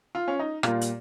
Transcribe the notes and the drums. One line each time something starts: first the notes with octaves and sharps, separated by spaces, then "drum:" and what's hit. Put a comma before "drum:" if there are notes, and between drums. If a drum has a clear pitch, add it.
F4
C#4
D#4
A#2 G3 A#3 F4, drum: rim click
drum: hi-hat